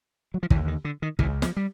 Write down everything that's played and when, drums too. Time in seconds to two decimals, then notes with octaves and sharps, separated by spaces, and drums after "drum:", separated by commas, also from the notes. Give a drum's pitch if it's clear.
0.34 F#3
0.43 F3
0.50 D#2 E3, drum: kick
0.56 D3
0.68 D#3
0.85 D3
1.02 D#3
1.19 C#2 C#3 E3, drum: kick
1.42 F3, drum: snare
1.57 G3